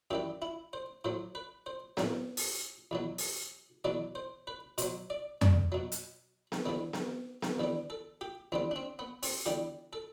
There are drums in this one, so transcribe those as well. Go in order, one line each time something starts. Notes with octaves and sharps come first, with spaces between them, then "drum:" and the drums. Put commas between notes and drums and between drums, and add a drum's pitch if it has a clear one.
F#2 E3 G3 G4
E4
C5
A2 F#3 C5
B4
C5
A2 F#3, drum: snare B3
drum: open hi-hat
E2 B2 F#3
drum: open hi-hat
E2 B2 F#3 D5
C5
B4
B2 F#3 C5, drum: hi-hat
D5
D5, drum: tom F2
B2 F#3
drum: hi-hat
drum: snare B3
E2 D3 G3
drum: snare B3
drum: snare B3
E2 D3 G3
A4
G4
E2 D3 G3 C4
D4
C4
B3
C4, drum: open hi-hat
E2 D3 G3 G4
A4